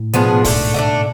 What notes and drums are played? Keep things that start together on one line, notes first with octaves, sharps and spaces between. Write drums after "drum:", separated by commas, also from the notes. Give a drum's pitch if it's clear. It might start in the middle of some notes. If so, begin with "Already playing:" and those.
Already playing: A2
G#2 B2 F3 B3 D4 G#4, drum: hi-hat
G#2
D3 A3 D4, drum: kick C2, open hi-hat
D3 A3 D4